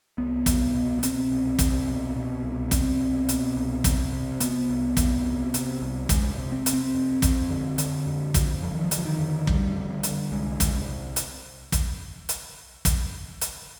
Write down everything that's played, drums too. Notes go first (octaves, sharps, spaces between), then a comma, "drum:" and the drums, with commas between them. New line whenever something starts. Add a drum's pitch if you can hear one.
C2 B3
C2, drum: kick, hi-hat
B2
B3
B2 C4, drum: hi-hat
C2
C2, drum: kick, hi-hat
B2
B2
C2
C2 C4, drum: kick, hi-hat
B2
B2, drum: hi-hat
C2
C2, drum: kick, hi-hat
C3
C3 B3, drum: hi-hat
C2
C2, drum: kick, hi-hat
C3
C3, drum: hi-hat
C2
C2 G#3, drum: kick, hi-hat
C3
C4
C3, drum: hi-hat
C4
F2
F2, drum: kick, hi-hat
D3
D3, drum: hi-hat
F2
F2, drum: kick, hi-hat
D3 F3
D#3
F3
D3, drum: hi-hat
F3
D#3
F2
F2 G3, drum: kick
D3
D3, drum: hi-hat
C2 G#3
C2, drum: kick, hi-hat
drum: hi-hat
drum: kick, hi-hat
drum: hi-hat
drum: kick, hi-hat
drum: hi-hat